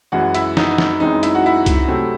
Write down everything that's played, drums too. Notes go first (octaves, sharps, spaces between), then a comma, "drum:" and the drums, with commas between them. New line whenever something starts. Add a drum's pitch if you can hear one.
F#2 E3 G#3 F#4
E4, drum: hi-hat
D#4, drum: snare
drum: snare
F#2 E3 G#3 C4 D#4
E4, drum: hi-hat
F#4
E4
drum: kick, hi-hat
C3 F#3 A3 C4